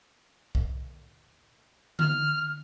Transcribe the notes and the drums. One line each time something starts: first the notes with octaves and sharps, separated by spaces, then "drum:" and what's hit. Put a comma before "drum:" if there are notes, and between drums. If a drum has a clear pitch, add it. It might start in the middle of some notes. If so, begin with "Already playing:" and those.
drum: kick B1
F6, drum: tom D3